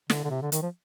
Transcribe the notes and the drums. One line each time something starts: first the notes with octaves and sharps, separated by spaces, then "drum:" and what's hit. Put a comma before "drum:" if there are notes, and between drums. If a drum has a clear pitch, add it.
D3, drum: snare
D3
C3
D3
D#3, drum: hi-hat
F3